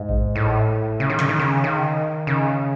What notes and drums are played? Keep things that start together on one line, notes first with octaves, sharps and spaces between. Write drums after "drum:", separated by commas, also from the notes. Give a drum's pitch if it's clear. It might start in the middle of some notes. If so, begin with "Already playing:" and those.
Already playing: G#2
drum: kick A1
A2
C#3
D#3
C#3, drum: snare
D#3
C#3
D#3
C#3